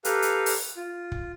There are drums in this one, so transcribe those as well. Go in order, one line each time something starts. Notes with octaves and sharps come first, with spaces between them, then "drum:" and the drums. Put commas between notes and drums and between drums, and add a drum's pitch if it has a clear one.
G4 A4 B4 F5 A#5, drum: hi-hat
drum: hi-hat
drum: open hi-hat
F4
drum: kick